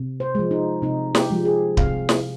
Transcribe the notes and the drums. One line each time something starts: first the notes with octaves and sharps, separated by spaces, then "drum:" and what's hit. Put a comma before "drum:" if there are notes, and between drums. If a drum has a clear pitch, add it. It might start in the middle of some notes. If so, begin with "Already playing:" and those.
Already playing: C3
C5
F3 G#3
D#4
C3 D#4
G4, drum: snare
F3 G#3
G#4
C3 F5, drum: kick D1
drum: snare